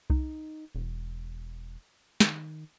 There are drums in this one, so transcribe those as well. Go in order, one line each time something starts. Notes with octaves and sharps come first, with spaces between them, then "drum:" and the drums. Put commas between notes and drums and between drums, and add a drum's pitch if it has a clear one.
D#4, drum: kick C2
E1
D#3, drum: snare